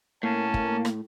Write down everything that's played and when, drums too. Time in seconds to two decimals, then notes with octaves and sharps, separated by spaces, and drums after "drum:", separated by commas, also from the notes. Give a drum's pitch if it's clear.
0.23 A2 A#3 C#4 A5
0.54 drum: kick
0.85 drum: rim click